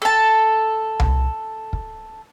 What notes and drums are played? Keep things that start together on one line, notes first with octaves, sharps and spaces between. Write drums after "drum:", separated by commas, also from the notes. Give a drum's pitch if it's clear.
A4 A5
drum: tom C2
drum: kick